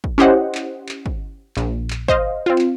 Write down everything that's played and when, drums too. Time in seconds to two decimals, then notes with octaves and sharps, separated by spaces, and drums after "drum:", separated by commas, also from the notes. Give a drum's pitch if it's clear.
0.04 drum: kick
0.18 C#4 E4 G4 C5 D#5 F#5
0.55 drum: clap
0.89 drum: clap
1.06 drum: kick
1.57 A#1, drum: clap
1.90 drum: clap
2.08 C5 D#5 F5, drum: kick
2.46 C4 F4
2.58 drum: clap